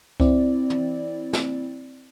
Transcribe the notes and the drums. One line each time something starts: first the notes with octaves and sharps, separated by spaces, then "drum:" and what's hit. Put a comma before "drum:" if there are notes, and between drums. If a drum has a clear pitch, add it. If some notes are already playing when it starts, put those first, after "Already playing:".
C4 E4 D5, drum: kick C2
drum: tom
drum: snare